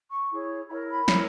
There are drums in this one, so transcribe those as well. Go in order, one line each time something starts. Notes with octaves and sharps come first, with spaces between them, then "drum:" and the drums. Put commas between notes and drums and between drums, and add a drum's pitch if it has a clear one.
C#6
E4 G#4 C#5
E4 A#4 C#5 B5
B5
E4 A#4 C#5, drum: snare